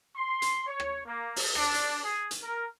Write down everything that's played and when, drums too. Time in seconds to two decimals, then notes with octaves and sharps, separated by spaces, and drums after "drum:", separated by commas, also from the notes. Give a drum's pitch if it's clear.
0.16 C6
0.42 drum: hi-hat
0.66 C#5
0.80 drum: rim click
1.06 A#3
1.36 drum: open hi-hat
1.55 D4, drum: rim click
1.74 drum: hi-hat
2.03 G#4
2.31 drum: hi-hat
2.41 A#4